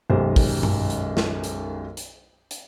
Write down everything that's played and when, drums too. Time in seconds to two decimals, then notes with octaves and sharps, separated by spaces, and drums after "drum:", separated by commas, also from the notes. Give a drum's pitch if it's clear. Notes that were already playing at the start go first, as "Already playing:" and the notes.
0.10 B1 F#2 D#3 G#3 G4 C5
0.36 drum: kick, open hi-hat
0.63 drum: tom G2
0.90 drum: hi-hat
1.17 drum: snare
1.44 drum: hi-hat
1.97 drum: hi-hat
2.51 drum: hi-hat